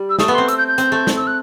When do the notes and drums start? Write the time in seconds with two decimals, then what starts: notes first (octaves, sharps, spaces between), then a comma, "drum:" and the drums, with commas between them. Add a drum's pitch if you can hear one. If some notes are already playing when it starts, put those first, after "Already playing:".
Already playing: G3
0.10 E6
0.19 A3 D#6, drum: snare
0.28 B3
0.34 C4 C6
0.48 E6, drum: hi-hat
0.57 G6
0.68 G6
0.78 C4, drum: hi-hat
0.92 A3
1.07 drum: snare
1.17 E6
1.27 F#6